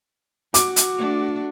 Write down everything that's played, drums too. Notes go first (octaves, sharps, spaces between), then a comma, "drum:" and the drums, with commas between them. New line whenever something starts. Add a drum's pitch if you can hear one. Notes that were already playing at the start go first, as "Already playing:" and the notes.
F#4 D6, drum: hi-hat
drum: hi-hat
A3 D4